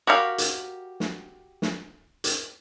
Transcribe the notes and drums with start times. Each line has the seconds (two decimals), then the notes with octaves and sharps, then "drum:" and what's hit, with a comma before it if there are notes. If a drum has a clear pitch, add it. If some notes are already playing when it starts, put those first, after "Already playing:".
0.07 F#4 G4 A#4 F5
0.38 drum: hi-hat
1.00 drum: snare
1.62 drum: snare
2.24 drum: hi-hat